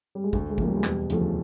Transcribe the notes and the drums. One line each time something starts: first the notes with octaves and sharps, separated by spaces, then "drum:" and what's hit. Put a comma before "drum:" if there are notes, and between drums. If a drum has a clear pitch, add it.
G3
G#3
D2 A3, drum: kick
G#3
C#3 F3 A#3, drum: kick
G3
G#3
E1 G3, drum: clap
D2 C#3 F3 A3, drum: hi-hat